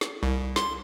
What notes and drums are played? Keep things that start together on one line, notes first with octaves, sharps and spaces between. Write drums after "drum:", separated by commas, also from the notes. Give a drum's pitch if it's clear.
drum: snare
C2
C6, drum: snare